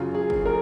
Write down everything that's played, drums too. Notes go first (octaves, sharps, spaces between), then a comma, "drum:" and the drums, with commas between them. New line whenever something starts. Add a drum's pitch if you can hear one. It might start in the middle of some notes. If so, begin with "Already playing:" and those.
Already playing: F#2 C#3 F#3 F4
G#4
drum: kick
A#4